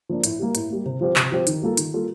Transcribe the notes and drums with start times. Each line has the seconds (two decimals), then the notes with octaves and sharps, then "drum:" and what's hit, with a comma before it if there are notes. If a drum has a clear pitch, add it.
0.09 F3 A#3 D4
0.24 A2, drum: hi-hat
0.39 G3 A#3
0.55 A2, drum: hi-hat
0.70 G3 A#3
0.86 C3
1.01 F3 C4 G4 C5
1.16 C3, drum: clap
1.32 F3 C4 G4 C5
1.47 D#3, drum: hi-hat
1.62 G3 A#3 F4 A4
1.77 D#3, drum: hi-hat
1.93 G3 A#3 F4 A4